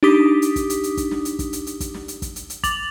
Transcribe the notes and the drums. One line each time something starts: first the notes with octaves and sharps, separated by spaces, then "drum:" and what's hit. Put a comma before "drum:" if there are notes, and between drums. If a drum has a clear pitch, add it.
D4 D#4 G4 D6 D#6 B6
drum: hi-hat
drum: kick, hi-hat
drum: hi-hat
drum: hi-hat
drum: kick, hi-hat
drum: snare
drum: hi-hat
drum: kick, hi-hat
drum: hi-hat
drum: hi-hat
drum: kick, hi-hat
drum: snare
drum: hi-hat
drum: kick, hi-hat
drum: hi-hat
drum: hi-hat
D6 A6 F7 F#7, drum: kick, hi-hat